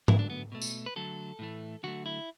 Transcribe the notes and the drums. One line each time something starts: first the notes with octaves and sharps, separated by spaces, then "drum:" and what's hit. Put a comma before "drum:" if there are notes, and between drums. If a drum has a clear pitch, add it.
D3 F#3 A3 E4, drum: tom G#2
D4
B3
B2 A3
drum: tambourine
B4
D3 F#3 A3 A4
A2 E3 A3
D3 F#3 A3 F#4
E4